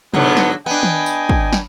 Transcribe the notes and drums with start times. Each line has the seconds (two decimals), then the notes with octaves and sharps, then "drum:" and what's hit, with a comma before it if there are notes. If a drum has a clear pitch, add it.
0.14 G#2 D3 F#3 B3, drum: tom C3
0.37 drum: snare
0.66 B3 D4 D#5 G5 G#5
0.83 drum: tom D#3
1.06 drum: tambourine
1.29 drum: kick
1.53 drum: snare